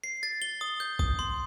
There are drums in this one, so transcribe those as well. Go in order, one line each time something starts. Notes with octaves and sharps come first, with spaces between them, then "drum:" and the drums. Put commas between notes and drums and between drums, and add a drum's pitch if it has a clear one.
C7
A6
G7
D#6
G6
D#6, drum: kick A#1
C6